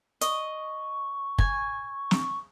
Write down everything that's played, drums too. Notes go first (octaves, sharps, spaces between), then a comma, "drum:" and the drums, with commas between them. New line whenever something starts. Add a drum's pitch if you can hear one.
D#5 C#6, drum: hi-hat
G#5, drum: kick
drum: snare